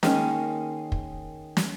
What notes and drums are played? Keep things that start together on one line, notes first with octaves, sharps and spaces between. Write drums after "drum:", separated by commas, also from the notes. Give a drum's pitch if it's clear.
D#3 G#3 A#3 B3 C#4, drum: snare
drum: kick
drum: snare